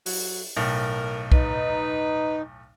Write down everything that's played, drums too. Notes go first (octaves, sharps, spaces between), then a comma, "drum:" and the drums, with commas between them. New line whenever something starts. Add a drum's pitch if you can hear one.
F#3, drum: open hi-hat
B1 A2 A#4
D#4 B4, drum: kick